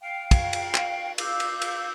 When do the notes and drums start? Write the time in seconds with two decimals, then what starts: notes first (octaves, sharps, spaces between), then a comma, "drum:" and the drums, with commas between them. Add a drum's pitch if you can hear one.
0.01 F5 G5
0.31 drum: kick, cymbal
0.53 drum: cymbal
0.75 drum: clap
1.18 F5 D6 E6 G6, drum: cymbal
1.40 drum: cymbal
1.62 drum: cymbal